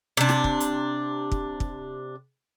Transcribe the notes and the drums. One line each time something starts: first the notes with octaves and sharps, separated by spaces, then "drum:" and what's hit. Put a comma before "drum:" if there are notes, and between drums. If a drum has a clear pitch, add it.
C3 D4
drum: snare
drum: kick
drum: hi-hat
drum: kick
drum: kick